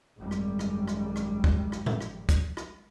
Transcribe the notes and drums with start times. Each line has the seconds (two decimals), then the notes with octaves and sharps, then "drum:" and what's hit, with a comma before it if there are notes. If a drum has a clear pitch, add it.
0.17 G#1 F#2 G3 G#3
0.31 drum: rim click
0.59 drum: rim click
0.88 drum: rim click
1.16 drum: rim click
1.44 drum: kick
1.72 drum: rim click
1.86 drum: tom A2
2.00 drum: rim click
2.29 drum: kick, hi-hat
2.57 drum: rim click